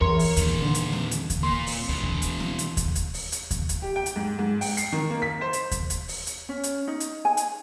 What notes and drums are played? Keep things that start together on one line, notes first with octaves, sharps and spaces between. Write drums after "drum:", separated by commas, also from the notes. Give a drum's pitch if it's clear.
E2 A#4 C#5 C6
drum: open hi-hat
E2 A#2 D#3, drum: hi-hat
D3
drum: hi-hat
drum: snare C4
drum: hi-hat
drum: kick D#2, hi-hat
A#2 A#3 C6
drum: open hi-hat
D2 B2 E3
drum: kick D#2
drum: hi-hat
drum: snare C4
drum: hi-hat
drum: kick D#2, hi-hat
drum: hi-hat
drum: open hi-hat
drum: hi-hat
drum: kick D#2, hi-hat
drum: hi-hat
G4
G5
drum: hi-hat
G#2
G#2
G5, drum: open hi-hat
C7, drum: hi-hat
D#3
A#3
B6
C5
drum: hi-hat
drum: kick D#2, hi-hat
drum: hi-hat
drum: open hi-hat
drum: hi-hat
C#4
drum: hi-hat
D#4
drum: hi-hat
G#5
drum: hi-hat